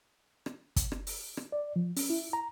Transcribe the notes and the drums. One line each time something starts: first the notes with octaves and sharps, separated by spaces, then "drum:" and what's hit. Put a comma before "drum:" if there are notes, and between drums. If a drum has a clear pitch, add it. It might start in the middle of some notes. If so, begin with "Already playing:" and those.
drum: rim click
drum: kick, hi-hat
drum: rim click
drum: open hi-hat
drum: rim click
D5
F3
C#4, drum: open hi-hat
E4
A#5